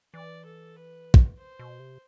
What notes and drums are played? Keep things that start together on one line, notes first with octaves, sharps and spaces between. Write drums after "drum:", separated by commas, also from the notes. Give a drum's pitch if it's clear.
E3 D5
A4
B4
drum: kick
C5
B2
C3